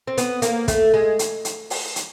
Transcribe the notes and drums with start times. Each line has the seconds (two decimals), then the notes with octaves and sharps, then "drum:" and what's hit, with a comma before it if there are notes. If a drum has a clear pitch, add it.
0.07 C4
0.18 B3, drum: hi-hat
0.42 A#3, drum: hi-hat
0.68 A3, drum: kick, hi-hat
0.94 G#3
1.19 drum: hi-hat
1.45 drum: hi-hat
1.70 drum: open hi-hat
1.96 drum: hi-hat